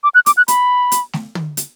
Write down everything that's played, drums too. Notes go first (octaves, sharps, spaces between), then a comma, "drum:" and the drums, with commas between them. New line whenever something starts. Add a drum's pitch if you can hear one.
D6
F#6
D6, drum: hi-hat
F#6
B5, drum: hi-hat
drum: hi-hat
drum: snare A3
drum: tom
drum: hi-hat